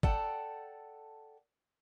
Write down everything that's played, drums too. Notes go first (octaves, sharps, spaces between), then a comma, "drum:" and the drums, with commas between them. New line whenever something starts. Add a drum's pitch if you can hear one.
A4 D5 F#5 G5 A5, drum: kick